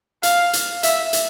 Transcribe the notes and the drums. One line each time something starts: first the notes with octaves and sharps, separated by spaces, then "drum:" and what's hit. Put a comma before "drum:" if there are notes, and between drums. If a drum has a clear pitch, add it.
F5, drum: hi-hat
drum: hi-hat
E5, drum: hi-hat
drum: hi-hat